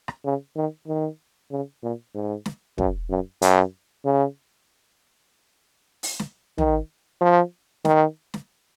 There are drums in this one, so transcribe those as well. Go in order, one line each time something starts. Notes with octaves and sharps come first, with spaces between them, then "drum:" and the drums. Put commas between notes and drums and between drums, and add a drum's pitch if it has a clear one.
drum: rim click
C#3
D#3
D#3
C#3
A#2
G#2
drum: snare
F#2, drum: kick
F#2
F#2, drum: hi-hat
C#3
drum: open hi-hat
drum: snare
D#3, drum: tom
F3
D#3, drum: snare
drum: snare